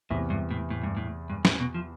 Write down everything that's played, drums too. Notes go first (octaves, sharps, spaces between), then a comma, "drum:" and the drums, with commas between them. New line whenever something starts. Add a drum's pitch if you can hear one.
E2 A2 C3 E3
G2
A2
A2
G2
A2
G2
A2, drum: snare
B2
F3